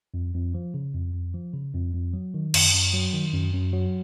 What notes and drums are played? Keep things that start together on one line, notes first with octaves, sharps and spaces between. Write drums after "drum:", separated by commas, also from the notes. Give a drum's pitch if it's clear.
F2
F2
F3
C#3
F2
F2
F3
C#3
F2
F2
F#3
D#3
F#2, drum: cymbal
F#2
F#3
D#3
F#2
F#2
F#3